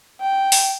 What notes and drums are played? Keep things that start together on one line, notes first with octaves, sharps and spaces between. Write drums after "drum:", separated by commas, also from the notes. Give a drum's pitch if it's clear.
G5
drum: open hi-hat